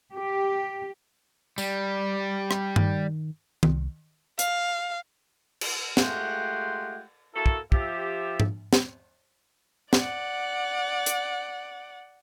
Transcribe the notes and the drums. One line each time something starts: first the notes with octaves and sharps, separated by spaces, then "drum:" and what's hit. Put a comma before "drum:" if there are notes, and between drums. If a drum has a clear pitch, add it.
G4
G3, drum: tambourine
drum: rim click
D#3, drum: tom G2
C2, drum: tom D#3
F5, drum: hi-hat
drum: cymbal
G#3 A3 F4 G4 F#5 G5, drum: snare
A#3 E4 F#4 A4
drum: kick
F3 G4 E5, drum: kick
drum: tom G#2
drum: snare
D5 F#5, drum: snare
drum: hi-hat